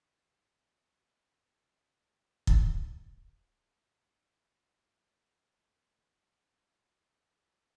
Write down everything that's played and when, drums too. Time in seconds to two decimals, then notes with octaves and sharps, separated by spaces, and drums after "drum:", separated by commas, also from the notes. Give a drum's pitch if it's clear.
0.12 B3
0.23 D4
0.33 E4
0.43 F#4
1.96 F#4
2.47 drum: kick
3.43 A4
3.49 F#4
3.68 E4
3.82 E4
3.88 D4
4.07 B3
4.17 E4
4.27 D4
4.81 B4
4.88 A4
4.96 F#4
5.03 E4
5.22 E4
5.33 E4
5.41 F#4
5.61 F#4
5.80 A4
6.57 B4
6.72 B4
6.95 A4
7.33 F#4